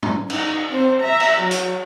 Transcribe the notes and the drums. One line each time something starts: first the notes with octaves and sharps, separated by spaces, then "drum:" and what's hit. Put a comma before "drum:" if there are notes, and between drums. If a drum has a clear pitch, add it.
drum: tom
D#4, drum: cymbal
C4 C5
E5 A#5
drum: cymbal
F#3
drum: hi-hat